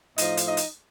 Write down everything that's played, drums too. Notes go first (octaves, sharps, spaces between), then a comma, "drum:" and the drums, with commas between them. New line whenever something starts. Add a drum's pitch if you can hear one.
A2 F3 D#4 D#5, drum: hi-hat
drum: hi-hat
D#4 D#5
drum: hi-hat